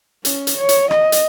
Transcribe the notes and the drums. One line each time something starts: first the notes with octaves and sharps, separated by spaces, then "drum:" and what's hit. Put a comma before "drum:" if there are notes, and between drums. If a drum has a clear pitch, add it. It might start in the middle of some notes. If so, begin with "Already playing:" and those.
C#4, drum: hi-hat
drum: hi-hat
C#5
drum: hi-hat
D#5, drum: rim click
drum: hi-hat